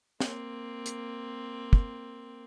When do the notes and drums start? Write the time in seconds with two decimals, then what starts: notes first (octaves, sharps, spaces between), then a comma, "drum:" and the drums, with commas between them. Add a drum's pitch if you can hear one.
0.20 A#3 C4, drum: snare
0.86 drum: hi-hat
1.73 drum: kick